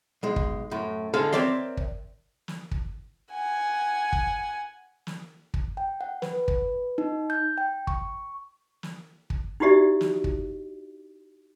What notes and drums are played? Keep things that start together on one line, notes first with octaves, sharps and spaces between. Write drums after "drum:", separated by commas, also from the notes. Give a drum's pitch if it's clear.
B1 G#3
drum: kick
F#2 A2
A2 D3 G#3 A4 F5
C4 A#4 C#5 D5 E5 C6, drum: snare
drum: kick
drum: snare
drum: kick
F#5 G#5
drum: kick
drum: snare
drum: kick
G5
F#5
B4, drum: snare
drum: kick
D#4
G6
G5
C#6, drum: kick
drum: snare
drum: kick
D#4 E4 F#4 G4 D5 E5
drum: snare
drum: kick